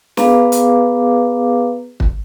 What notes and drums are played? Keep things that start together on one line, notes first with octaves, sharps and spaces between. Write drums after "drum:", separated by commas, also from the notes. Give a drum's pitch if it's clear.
B3 G#4 B4 F5 A#5 D6, drum: snare
drum: hi-hat
drum: kick